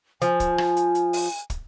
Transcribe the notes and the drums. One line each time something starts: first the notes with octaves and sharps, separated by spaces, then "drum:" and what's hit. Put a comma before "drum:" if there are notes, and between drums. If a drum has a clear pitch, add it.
F3 G#5, drum: hi-hat
drum: kick, hi-hat
drum: rim click
drum: hi-hat
drum: hi-hat
drum: open hi-hat
drum: kick, hi-hat